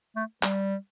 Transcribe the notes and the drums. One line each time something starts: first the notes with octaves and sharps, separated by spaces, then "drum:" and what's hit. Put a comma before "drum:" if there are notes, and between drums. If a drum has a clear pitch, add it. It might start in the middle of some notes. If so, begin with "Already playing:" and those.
A3
G3, drum: clap